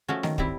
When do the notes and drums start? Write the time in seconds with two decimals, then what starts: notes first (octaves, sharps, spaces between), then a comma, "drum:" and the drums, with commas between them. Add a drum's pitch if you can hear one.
0.08 F3 A3 C#4 F#4
0.23 D#3, drum: snare
0.38 G3 C4 E4, drum: kick